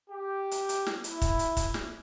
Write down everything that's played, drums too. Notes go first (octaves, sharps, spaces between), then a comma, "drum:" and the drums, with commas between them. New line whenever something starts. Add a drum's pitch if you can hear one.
G4
drum: hi-hat
drum: hi-hat
drum: snare
E4, drum: hi-hat
drum: kick, hi-hat
drum: hi-hat
drum: kick, hi-hat
drum: snare